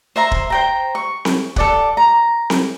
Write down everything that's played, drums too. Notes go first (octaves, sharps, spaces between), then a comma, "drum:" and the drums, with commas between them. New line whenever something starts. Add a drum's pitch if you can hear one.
C5 E5 A#5 C6
drum: kick
C5 G5 A#5
C#6
drum: snare C4
A4 D5 F#5, drum: kick
A#5
drum: snare C4